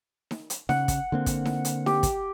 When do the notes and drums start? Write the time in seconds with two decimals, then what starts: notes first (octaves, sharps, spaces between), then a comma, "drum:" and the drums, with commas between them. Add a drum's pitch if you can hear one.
0.31 drum: snare D#4
0.50 drum: hi-hat
0.69 C#3 F#5, drum: snare D#4
0.88 drum: kick, hi-hat
1.12 D3 A#3 C4
1.26 drum: kick, hi-hat
1.45 drum: snare D#4
1.65 drum: hi-hat
1.86 G4, drum: snare D#4
2.03 drum: kick, hi-hat